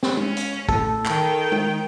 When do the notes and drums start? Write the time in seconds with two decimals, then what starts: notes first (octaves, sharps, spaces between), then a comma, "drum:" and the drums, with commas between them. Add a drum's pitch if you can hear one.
0.03 drum: snare
0.17 C#4, drum: tom
0.37 drum: hi-hat
0.69 A2 A4, drum: kick
1.06 D#3 G5, drum: clap
1.52 drum: tom